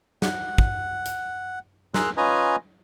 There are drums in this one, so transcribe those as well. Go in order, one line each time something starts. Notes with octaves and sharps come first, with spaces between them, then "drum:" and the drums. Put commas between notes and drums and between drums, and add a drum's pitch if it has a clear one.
F#5, drum: snare
drum: kick
drum: hi-hat
G#4 A#4 A#5 C6 E6 F#6, drum: snare
C#4 F4 B4 D#5 G#5 A#5